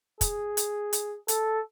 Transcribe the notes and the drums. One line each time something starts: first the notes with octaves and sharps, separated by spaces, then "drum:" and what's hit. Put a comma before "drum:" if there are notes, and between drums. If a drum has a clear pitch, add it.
G#4, drum: kick, hi-hat
drum: hi-hat
drum: hi-hat
A4, drum: hi-hat